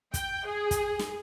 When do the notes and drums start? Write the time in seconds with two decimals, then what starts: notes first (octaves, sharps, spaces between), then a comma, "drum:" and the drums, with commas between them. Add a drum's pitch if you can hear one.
0.14 G5, drum: kick, hi-hat
0.47 G#4
0.71 drum: kick, hi-hat
0.99 drum: snare